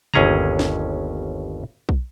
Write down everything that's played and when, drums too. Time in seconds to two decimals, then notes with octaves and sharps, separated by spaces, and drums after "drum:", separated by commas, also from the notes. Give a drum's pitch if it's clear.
0.14 G1 D#2 C#4 G#4 A#5, drum: tom C3
0.59 drum: snare
1.89 drum: kick